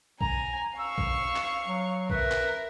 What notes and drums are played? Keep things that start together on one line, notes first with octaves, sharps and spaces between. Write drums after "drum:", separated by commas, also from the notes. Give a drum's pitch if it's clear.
G#5 A#5, drum: kick A#1
F5 C#6 E6
drum: kick A#1
drum: clap
F#3
A#4 B4 E5, drum: kick A#1
drum: clap